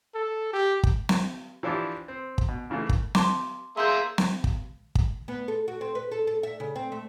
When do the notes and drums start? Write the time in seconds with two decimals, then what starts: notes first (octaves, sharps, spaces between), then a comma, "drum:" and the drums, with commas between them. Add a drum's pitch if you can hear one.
0.15 A4
0.53 G4
0.83 drum: kick
1.09 drum: snare
1.63 E3 F3 D4 E4 G4
2.08 C4
2.38 drum: kick
2.48 B2
2.70 G#2 C#3 E3 A3 A#3
2.89 drum: kick
3.15 A5 C6 D6, drum: snare
3.77 A#3 G#4 E5 C6 G6
4.18 drum: snare
4.44 drum: kick
4.95 drum: kick
5.28 B3
5.48 A4
5.68 F#4
5.81 C4
5.95 B4
6.12 A4
6.27 A4
6.43 E5
6.60 C#3
6.76 C4
6.92 A3